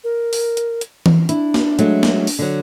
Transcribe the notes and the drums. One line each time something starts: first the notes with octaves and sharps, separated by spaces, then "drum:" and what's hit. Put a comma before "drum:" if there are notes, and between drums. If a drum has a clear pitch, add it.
A#4
drum: open hi-hat
drum: hi-hat
drum: hi-hat
drum: tom E3
D4 E4, drum: hi-hat
drum: snare
F#3 G#3 A3, drum: hi-hat
drum: snare
drum: open hi-hat
D3 F#3